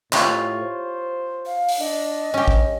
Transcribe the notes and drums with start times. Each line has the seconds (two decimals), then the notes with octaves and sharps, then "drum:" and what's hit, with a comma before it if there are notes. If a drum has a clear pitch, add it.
0.13 A2 E4 F4 G4 C#5, drum: clap
0.61 C5
1.46 F5
1.69 drum: open hi-hat
1.80 D4 D#5
2.34 G2 C#4 G4
2.48 drum: kick A1